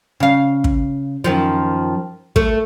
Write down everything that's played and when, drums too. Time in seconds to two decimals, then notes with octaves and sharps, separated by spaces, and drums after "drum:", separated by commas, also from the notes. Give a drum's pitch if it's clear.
0.20 C#3 F5
0.64 drum: kick
1.24 F#2 D#3 F3
2.36 A3, drum: kick